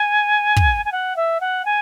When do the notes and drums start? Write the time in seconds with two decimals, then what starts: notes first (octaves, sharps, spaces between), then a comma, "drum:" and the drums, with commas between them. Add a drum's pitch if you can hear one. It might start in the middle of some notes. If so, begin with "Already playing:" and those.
Already playing: G#5
0.56 drum: kick
0.85 G#5
0.92 F#5
1.16 E5
1.40 F#5
1.65 G#5